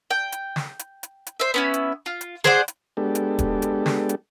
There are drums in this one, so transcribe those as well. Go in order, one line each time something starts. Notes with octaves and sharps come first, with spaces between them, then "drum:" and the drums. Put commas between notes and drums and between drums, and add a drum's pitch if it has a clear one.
G5
drum: hi-hat
drum: snare
drum: hi-hat
drum: hi-hat
drum: hi-hat
C5 E5
B3 C#4 E4
drum: hi-hat
F4
drum: hi-hat
G#4 C5 D5 F#5, drum: snare
drum: hi-hat
G#3 B3 D4 G4 A4
drum: hi-hat
drum: kick D#1, hi-hat
drum: hi-hat
drum: snare
drum: hi-hat